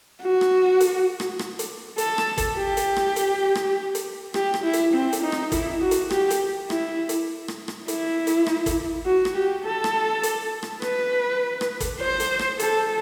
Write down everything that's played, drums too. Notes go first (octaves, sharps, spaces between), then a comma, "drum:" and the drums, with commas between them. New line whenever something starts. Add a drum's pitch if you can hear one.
F#4
drum: rim click
drum: hi-hat
drum: rim click
drum: rim click
drum: hi-hat
A4, drum: hi-hat
drum: rim click
drum: kick, hi-hat
G4
drum: hi-hat
drum: rim click
drum: hi-hat
drum: rim click
drum: hi-hat
G4, drum: rim click
drum: rim click
E4
drum: hi-hat
C4
drum: hi-hat
D#4
drum: rim click
E4, drum: kick, hi-hat
F#4
drum: hi-hat
G4, drum: rim click
drum: hi-hat
E4, drum: rim click
drum: hi-hat
drum: rim click
drum: rim click
E4, drum: hi-hat
drum: hi-hat
drum: rim click
drum: kick, hi-hat
F#4
drum: rim click
G4
A4
drum: rim click
drum: hi-hat
drum: rim click
B4, drum: rim click
drum: rim click
drum: kick, hi-hat
C5
drum: hi-hat
drum: rim click
A4, drum: hi-hat